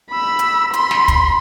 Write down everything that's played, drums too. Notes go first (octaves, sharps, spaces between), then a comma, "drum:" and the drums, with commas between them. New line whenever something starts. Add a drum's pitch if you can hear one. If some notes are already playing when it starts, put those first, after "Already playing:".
B5 E6
drum: hi-hat
B5 C6, drum: hi-hat
drum: snare
drum: kick, hi-hat